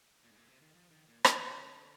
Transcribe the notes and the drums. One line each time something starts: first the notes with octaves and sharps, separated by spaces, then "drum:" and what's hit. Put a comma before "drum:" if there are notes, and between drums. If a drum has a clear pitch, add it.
A#2
G#2
A#2
C3
D#3
F3
D#3
A#2
C3, drum: rim click
C3
D3
D3